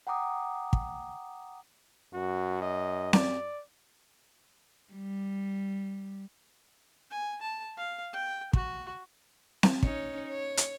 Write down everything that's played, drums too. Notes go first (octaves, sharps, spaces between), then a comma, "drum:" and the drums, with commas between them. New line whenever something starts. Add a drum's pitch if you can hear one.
F#5 G5 A#5 D6 D#6
drum: kick
F#2 F#4
D#5
D5, drum: snare C4
G3
G#5
A5
F5
G5
F#4, drum: kick
drum: snare C4
C#4 D#4 C#5, drum: kick
C#5
drum: hi-hat